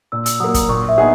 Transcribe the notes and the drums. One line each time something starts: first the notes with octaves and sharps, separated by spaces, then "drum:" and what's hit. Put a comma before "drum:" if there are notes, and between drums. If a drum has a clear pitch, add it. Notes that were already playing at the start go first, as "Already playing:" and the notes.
A#2 E6
E6, drum: hi-hat
F#3 A#3 D#6
D#6, drum: kick, hi-hat
A#2 C#6
E5
B3 D#4 G#4